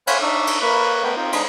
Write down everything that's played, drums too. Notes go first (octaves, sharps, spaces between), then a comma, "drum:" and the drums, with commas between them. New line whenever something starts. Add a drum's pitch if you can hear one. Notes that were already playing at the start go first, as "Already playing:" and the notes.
C5 C#5 F5 F#5 G#5 B5, drum: cymbal
D4 D#4 D5 C#6 E6
drum: cymbal
A#3 A#4 B4 B5 C#6 F#6
A3 B3 A#4 B4 G5 B5
C4 D#4 F4 G5
G#3 D4 D#4 G#4, drum: cymbal